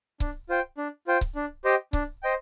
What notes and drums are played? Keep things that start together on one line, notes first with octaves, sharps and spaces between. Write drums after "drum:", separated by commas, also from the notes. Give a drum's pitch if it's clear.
D4, drum: kick C#1
F4 C5 G5
D4
F4 C5 G5
drum: kick C#1
D4
G4 C5 D#5 G5
D4, drum: kick C#1
C5 D#5 G5